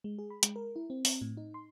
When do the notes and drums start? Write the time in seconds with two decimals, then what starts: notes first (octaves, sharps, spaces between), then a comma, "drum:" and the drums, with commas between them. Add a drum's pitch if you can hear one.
0.04 G#3
0.18 G#4
0.30 B5
0.43 G#3, drum: hi-hat
0.56 A#4
0.76 E4
0.90 C4
1.05 C4, drum: open hi-hat
1.21 A2
1.37 D#4
1.54 C6